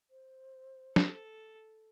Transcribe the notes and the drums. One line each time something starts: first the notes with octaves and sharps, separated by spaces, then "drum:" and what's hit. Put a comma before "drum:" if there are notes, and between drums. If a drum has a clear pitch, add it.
C5
A4, drum: snare